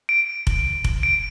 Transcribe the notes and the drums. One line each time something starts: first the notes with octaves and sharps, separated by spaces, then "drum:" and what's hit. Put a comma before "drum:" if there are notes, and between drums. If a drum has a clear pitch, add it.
D7
drum: kick F1
drum: kick F1
D7